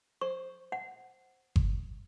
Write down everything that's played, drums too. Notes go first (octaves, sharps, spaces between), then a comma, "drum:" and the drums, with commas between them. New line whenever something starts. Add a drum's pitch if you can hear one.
C5 C#6
F#5
drum: kick G1